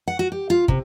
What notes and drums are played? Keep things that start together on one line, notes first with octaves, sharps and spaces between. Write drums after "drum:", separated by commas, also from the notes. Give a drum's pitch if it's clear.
F#5
F#4
G4
F4
C3, drum: kick